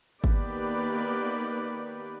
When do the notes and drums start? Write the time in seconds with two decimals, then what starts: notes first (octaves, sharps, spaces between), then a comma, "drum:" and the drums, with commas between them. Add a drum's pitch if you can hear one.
0.24 D#3 A#3 B3 G4 B4 D5, drum: kick G#1